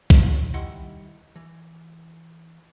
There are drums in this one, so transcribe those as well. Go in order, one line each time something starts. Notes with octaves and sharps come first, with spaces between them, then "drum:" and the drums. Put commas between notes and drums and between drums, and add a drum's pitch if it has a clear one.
E2 A2 C3 F#4 F5, drum: kick B1
D#3 G3 E4 D#5 F#5 C6
E3